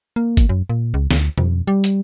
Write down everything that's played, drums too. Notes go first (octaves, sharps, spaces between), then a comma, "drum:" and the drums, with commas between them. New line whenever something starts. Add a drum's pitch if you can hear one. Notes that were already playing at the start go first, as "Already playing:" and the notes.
A#3
drum: kick G1, hi-hat
F#2
A#2
C#2
D2, drum: snare
F2, drum: tom B2
G3
drum: hi-hat